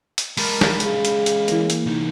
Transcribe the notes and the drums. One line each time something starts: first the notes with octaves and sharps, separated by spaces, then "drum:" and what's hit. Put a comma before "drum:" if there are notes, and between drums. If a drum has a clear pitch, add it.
drum: hi-hat
G#3 G4 A#4 A5 B5, drum: open hi-hat
drum: snare
C#3, drum: hi-hat
drum: hi-hat
drum: hi-hat
E3 A#3, drum: hi-hat
drum: hi-hat
C2 D#4